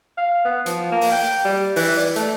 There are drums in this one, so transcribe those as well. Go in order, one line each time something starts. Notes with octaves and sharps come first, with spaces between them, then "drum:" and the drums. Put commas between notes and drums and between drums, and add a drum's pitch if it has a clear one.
F5
B3
F3, drum: hi-hat
A#3
drum: open hi-hat
G5
G3
E3, drum: open hi-hat
D5
A3, drum: hi-hat